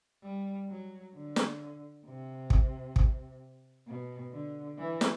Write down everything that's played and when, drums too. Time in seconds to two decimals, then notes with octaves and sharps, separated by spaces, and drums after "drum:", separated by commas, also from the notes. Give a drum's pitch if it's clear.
0.22 G3
0.68 F#3
1.14 D3
1.36 drum: snare
2.05 C3
2.50 drum: kick
2.96 drum: kick
3.87 B2
4.32 D3
4.78 E3
5.01 drum: snare